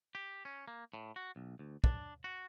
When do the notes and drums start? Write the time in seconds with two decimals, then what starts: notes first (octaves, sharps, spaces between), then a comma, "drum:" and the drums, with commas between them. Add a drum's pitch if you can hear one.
0.15 G4
0.45 C#4
0.68 A#3
0.94 A2
1.16 F#4
1.36 B1
1.59 D2
1.84 D4, drum: kick
2.24 F#4